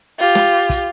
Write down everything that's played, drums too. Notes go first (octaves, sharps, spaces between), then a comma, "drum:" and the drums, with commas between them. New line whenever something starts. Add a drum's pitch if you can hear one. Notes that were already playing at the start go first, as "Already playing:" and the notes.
F4 G4
drum: snare
drum: kick, hi-hat